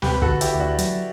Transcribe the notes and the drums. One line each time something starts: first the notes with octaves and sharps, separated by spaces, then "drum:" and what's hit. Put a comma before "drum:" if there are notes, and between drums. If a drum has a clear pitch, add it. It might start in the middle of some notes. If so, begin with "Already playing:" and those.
D2 G4 B4, drum: snare
B4
F#4 A4, drum: kick
D3
E4 G4, drum: hi-hat
D2
D4 F#4
F#3, drum: hi-hat